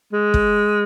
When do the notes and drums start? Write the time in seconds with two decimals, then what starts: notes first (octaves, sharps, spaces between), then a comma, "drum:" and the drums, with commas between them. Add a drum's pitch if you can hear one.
0.13 G#3
0.34 drum: kick